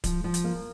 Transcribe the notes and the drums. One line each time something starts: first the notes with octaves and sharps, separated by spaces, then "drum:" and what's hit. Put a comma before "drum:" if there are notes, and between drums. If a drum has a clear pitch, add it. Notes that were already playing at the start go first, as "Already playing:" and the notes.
F3, drum: kick D1, hi-hat
F3
drum: hi-hat
A#3